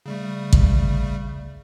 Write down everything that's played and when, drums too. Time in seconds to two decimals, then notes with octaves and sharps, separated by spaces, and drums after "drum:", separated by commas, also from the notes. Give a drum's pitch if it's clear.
0.06 C#3 G3 A3
0.53 drum: kick